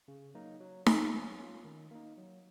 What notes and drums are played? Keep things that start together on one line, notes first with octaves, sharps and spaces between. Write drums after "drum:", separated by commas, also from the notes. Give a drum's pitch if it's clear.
C#3
F#3 A#3 D#4
F#3
A#3 F4, drum: snare D#4
F#3
C#4 F4
D#3
A#3 D#4
F#3